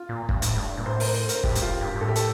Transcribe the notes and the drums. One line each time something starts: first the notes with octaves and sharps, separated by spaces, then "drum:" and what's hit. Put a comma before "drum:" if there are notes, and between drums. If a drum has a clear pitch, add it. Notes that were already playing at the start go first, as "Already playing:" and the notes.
Already playing: F4
A#2
G2, drum: kick
A2, drum: hi-hat
G2
A#2
A2 C5
A#4, drum: open hi-hat
C5
A#4, drum: hi-hat
A2 G4, drum: kick
G2, drum: hi-hat
F4
G2 G4
G2
A2 A4
G4
A4, drum: hi-hat